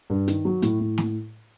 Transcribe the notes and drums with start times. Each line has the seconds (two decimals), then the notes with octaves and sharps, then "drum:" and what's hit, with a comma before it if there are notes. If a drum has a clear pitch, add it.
0.10 G2
0.28 D#3, drum: hi-hat
0.45 F#3
0.62 A2, drum: hi-hat
0.80 A2
0.98 drum: snare